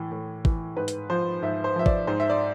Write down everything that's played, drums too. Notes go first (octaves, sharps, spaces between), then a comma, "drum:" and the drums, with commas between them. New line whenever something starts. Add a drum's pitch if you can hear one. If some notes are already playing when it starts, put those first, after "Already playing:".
Already playing: A2 E3
A2
E3, drum: kick
G#2 B4
drum: hi-hat
F3 C5
G#2 E5
C5
F3 E5
D5, drum: kick
G#2 C5
E5
D5